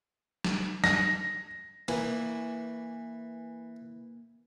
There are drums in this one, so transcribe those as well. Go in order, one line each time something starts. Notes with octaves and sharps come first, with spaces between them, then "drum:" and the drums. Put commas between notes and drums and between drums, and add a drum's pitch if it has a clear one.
drum: snare
A#6, drum: snare
E3 A#3, drum: cymbal